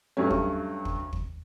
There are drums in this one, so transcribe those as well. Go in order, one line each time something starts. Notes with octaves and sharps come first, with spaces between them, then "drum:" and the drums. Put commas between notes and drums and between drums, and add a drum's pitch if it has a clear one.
G2 F#3 A3 C#4
drum: kick
drum: kick
drum: kick